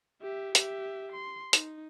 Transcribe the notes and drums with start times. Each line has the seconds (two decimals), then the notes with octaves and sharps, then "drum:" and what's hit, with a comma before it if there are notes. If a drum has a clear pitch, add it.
0.22 G4 E5
0.55 G4 E5, drum: hi-hat
1.12 C6
1.53 D#4, drum: hi-hat